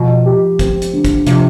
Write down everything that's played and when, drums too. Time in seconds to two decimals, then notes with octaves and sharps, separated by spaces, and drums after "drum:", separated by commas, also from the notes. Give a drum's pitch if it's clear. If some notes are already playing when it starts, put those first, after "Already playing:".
Already playing: B2 F3
0.26 G4
0.59 C4, drum: kick, hi-hat
0.82 drum: hi-hat
0.93 D3
1.05 drum: kick, hi-hat
1.27 C3 F3, drum: hi-hat